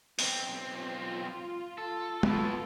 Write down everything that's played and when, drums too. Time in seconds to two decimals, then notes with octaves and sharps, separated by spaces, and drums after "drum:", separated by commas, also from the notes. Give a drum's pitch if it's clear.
0.19 B1 C4, drum: open hi-hat
0.58 F4
1.78 A4
2.23 B2 B3 E4 F4 A4, drum: tom G#3